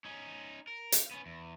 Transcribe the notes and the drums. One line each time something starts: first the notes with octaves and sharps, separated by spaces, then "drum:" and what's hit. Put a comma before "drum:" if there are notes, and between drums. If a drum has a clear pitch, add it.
C#4 D#4
A#4
F5, drum: hi-hat
B3 C#4
E2